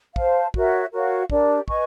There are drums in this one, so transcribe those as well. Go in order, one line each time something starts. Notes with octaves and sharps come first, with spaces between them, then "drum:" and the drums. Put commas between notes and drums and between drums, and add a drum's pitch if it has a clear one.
C5 F5 A5, drum: kick
F#4 A#4 C#5 E5, drum: kick
F#4 A#4 C#5 F5
D4 G4 A#4 D5, drum: kick
B4 D#5 G#5 C#6, drum: kick